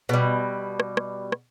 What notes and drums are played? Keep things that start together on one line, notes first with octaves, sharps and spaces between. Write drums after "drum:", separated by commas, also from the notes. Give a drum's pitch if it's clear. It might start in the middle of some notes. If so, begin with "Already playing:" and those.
B2 G3
drum: rim click
drum: rim click
drum: rim click